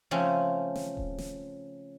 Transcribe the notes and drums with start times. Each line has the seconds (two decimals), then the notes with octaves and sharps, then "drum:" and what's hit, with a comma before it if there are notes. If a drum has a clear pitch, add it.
0.11 C#3 F3 A3 C4 C#4
0.76 drum: snare
0.97 drum: kick D#1
1.18 drum: snare